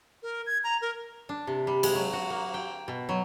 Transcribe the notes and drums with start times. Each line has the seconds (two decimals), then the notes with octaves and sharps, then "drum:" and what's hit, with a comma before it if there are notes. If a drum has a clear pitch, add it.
0.23 A#4
0.46 G#6
0.64 A#5
0.82 A#4
1.29 D4
1.47 C3
1.67 G3
1.83 G#3, drum: cymbal
1.95 F#3
2.13 F#4
2.30 A#3
2.54 G5
2.88 B2
3.09 F#3